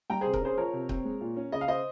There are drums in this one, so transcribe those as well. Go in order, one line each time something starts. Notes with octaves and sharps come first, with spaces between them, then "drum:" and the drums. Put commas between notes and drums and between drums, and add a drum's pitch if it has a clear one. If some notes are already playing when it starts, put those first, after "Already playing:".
G3 G5 A#5
G#4 C5
C3
A#4, drum: kick C#1
C#4 G#4 C5
F3 A#4 C#5
C3
C4, drum: kick C#1
G#3
A#2
C#4
C#3 D#5
F5
C5 D#5